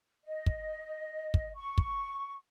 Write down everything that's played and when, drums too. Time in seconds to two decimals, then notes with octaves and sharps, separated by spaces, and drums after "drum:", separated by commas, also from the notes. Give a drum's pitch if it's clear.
0.25 D#5
0.46 drum: kick
1.34 drum: kick
1.56 C#6
1.78 drum: kick